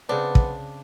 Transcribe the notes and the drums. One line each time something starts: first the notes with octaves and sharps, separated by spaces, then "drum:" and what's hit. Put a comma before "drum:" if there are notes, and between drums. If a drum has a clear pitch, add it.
C#3 B3 C4 D4
drum: kick